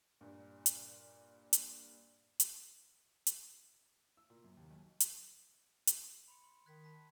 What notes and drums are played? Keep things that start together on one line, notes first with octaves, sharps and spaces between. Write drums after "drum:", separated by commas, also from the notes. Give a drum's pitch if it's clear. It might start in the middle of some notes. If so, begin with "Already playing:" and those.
G2 A#2
drum: hi-hat
drum: hi-hat
drum: hi-hat
drum: hi-hat
E6
A#2
F#2
D#2
B1
drum: hi-hat
drum: hi-hat
B5 C6 C#7
C6
D#3 F#6 G#6 B6
A5 B5 B6